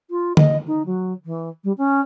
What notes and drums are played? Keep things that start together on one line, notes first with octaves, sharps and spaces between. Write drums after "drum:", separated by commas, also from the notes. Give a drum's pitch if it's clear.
F4
D#5, drum: tom D3
D#4
F#3
E3
G3
C#4